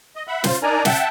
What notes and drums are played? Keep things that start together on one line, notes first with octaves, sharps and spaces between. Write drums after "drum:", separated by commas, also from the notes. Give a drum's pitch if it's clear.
D#5
E5 F#5 B5
F4 C5, drum: snare
D4 D#4 A#4 D5 G#5 A#5
E5 F#5 G5 A5, drum: snare